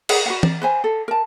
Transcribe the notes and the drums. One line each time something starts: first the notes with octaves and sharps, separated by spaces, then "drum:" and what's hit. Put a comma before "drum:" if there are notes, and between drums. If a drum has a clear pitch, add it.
G#4 A#4 B4 F#5, drum: cymbal
F#4 B4 F#5
D5, drum: tom E3
B4 C5 G#5
A4
A#4 A5